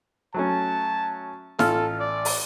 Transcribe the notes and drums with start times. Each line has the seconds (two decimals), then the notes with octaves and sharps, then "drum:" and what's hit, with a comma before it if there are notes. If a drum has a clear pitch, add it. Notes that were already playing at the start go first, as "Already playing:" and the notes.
0.34 F#3 A3 C#4 A5
1.59 A1 F4 A4 F6, drum: snare
2.00 D5
2.25 drum: open hi-hat